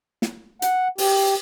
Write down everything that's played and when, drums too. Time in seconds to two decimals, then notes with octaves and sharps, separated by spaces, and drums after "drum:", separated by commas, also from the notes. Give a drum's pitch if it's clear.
0.22 drum: snare
0.62 F#5, drum: hi-hat
0.98 G4, drum: open hi-hat